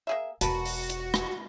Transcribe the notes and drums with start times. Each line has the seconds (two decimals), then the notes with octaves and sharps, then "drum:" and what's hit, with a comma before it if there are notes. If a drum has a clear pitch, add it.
0.07 A#3 G#4 E5
0.41 E1 F#4 A#4 B4 A5, drum: hi-hat
0.65 drum: open hi-hat
0.90 drum: hi-hat
1.14 drum: rim click